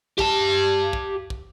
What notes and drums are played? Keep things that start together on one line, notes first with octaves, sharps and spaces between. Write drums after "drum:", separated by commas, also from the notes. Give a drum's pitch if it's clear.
G4 A5, drum: kick
drum: kick
drum: kick